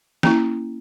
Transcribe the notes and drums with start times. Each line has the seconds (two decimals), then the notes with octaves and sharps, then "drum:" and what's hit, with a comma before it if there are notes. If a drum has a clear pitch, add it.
0.23 A#3 C#4 E4, drum: snare